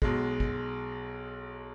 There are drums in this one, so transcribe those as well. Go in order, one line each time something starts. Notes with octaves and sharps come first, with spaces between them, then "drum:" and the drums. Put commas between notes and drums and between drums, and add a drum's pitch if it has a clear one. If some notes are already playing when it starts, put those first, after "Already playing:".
B1 B2 G#3, drum: kick
drum: kick